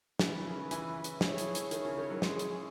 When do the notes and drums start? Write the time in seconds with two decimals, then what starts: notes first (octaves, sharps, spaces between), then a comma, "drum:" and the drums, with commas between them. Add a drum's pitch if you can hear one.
0.19 E3 C#4 E4 B4, drum: snare
0.33 D#3
0.45 C#3
0.58 D#3
0.71 E3, drum: hi-hat
1.04 drum: hi-hat
1.21 A3 E4 G#4 C#5, drum: snare
1.38 drum: hi-hat
1.55 drum: hi-hat
1.71 D#3, drum: hi-hat
1.85 C#3
1.97 D#3
2.10 F#3
2.22 G#3 C#4 E4 G#4 C#5, drum: snare
2.39 drum: hi-hat